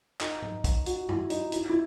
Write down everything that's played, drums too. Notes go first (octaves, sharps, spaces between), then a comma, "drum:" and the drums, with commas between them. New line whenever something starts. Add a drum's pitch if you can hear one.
D#4, drum: clap
drum: tom G#2
drum: kick B1, hi-hat
F#4, drum: hi-hat
E4, drum: tom G2
D#4, drum: hi-hat
E4, drum: hi-hat
E4